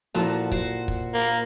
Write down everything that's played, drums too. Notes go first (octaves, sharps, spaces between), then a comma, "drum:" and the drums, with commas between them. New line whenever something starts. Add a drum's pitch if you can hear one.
A#2 F3 E4 F#4 A4 A5
F#4 C5, drum: kick
drum: kick
A#3